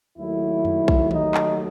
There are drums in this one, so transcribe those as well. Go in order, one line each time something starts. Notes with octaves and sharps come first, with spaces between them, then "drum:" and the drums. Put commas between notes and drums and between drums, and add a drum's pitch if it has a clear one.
D#2 D#3 F#3 A3 E4
drum: tom F2
drum: kick A#1
D#4, drum: tom D#3
drum: clap